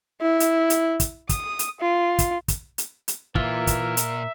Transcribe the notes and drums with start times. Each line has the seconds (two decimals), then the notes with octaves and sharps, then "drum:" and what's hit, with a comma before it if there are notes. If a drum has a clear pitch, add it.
0.21 E4
0.40 drum: hi-hat
0.70 drum: hi-hat
1.00 drum: kick, hi-hat
1.29 D#6, drum: kick, hi-hat
1.59 drum: hi-hat
1.80 F4
2.19 drum: kick, hi-hat
2.48 drum: kick, hi-hat
2.78 drum: hi-hat
3.08 drum: hi-hat
3.35 A#2 E3 F4 A#4 E5, drum: kick
3.67 drum: kick, hi-hat
3.97 drum: hi-hat